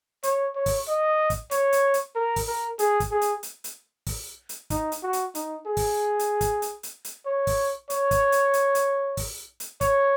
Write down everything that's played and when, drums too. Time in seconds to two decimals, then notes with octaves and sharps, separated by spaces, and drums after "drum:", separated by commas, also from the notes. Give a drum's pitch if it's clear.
0.23 C#5, drum: hi-hat
0.55 C#5
0.66 drum: kick, open hi-hat
0.88 D#5
1.30 drum: kick, hi-hat
1.51 C#5, drum: hi-hat
1.72 drum: hi-hat
1.94 drum: hi-hat
2.15 A#4
2.36 drum: kick, open hi-hat
2.47 A#4
2.79 G#4, drum: hi-hat
3.00 drum: kick, hi-hat
3.11 G#4
3.21 drum: hi-hat
3.43 drum: hi-hat
3.64 drum: hi-hat
4.07 drum: kick, open hi-hat
4.49 drum: hi-hat
4.70 D#4, drum: kick, hi-hat
4.92 drum: hi-hat
5.03 F#4
5.13 drum: hi-hat
5.35 D#4, drum: hi-hat
5.66 G#4
5.77 drum: kick, open hi-hat
6.19 drum: hi-hat
6.41 drum: kick, hi-hat
6.62 drum: hi-hat
6.83 drum: hi-hat
7.05 drum: hi-hat
7.26 C#5
7.47 drum: kick, open hi-hat
7.90 C#5, drum: hi-hat
8.11 drum: kick, hi-hat
8.32 drum: hi-hat
8.53 drum: hi-hat
8.75 drum: hi-hat
9.17 drum: kick, open hi-hat
9.60 drum: hi-hat
9.81 C#5, drum: kick, hi-hat